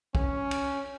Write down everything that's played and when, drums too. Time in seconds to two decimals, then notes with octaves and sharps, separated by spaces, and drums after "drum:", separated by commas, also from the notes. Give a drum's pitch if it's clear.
0.15 C#4, drum: kick
0.51 drum: cymbal